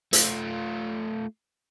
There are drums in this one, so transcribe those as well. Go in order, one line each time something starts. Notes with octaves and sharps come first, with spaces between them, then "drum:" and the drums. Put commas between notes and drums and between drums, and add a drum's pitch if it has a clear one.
A3 F4, drum: hi-hat